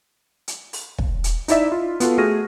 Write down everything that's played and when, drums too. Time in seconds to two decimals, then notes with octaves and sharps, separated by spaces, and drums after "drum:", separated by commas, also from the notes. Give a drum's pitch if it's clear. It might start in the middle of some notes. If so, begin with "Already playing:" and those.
0.48 drum: hi-hat
0.73 drum: open hi-hat
0.98 drum: kick
1.24 drum: hi-hat
1.48 D#4 E4 D5 E5, drum: hi-hat
1.72 F4
2.00 B3 F4 F#4 A4, drum: hi-hat
2.18 A3 F#4 G#4 F6 A#6 D#7